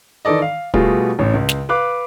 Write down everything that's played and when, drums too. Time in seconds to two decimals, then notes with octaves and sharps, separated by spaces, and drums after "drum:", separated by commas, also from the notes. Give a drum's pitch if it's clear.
0.25 D#3 E3 A4 D5 D#5
0.42 F5
0.74 B2 G3 A3 F4 F#4 G#4, drum: kick
1.19 A1 A2 C#4
1.34 C#2
1.49 drum: snare
1.69 B4 F5 D6 F#6